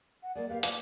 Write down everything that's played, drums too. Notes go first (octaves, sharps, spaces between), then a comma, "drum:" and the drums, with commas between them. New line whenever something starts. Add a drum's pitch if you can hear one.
F#5
G#3 A#3 G#4 D5
A#3 G4 B4 F5
F4 D5 D6, drum: hi-hat